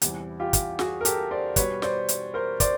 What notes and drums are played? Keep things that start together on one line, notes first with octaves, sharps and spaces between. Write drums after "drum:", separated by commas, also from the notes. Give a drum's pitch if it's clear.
E2 C3 E3 G3, drum: hi-hat
F4 G4
drum: kick, hi-hat
F#4 G#4, drum: snare
A#4
G4 A4, drum: hi-hat
C5 D5
B2 G3 B4 C#5, drum: kick, hi-hat
C5 D5, drum: snare
drum: hi-hat
A#4 C5
C5 D5, drum: kick, hi-hat